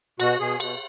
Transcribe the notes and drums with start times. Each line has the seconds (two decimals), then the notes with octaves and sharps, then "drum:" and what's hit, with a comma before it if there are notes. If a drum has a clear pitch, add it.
0.20 B2 F#4, drum: cymbal
0.39 B2 G#4
0.60 B2, drum: cymbal